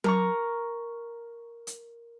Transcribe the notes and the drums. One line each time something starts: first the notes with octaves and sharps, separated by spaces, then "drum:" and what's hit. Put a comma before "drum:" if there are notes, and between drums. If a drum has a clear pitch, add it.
A#4 A#5 C#6, drum: tom F#3
drum: hi-hat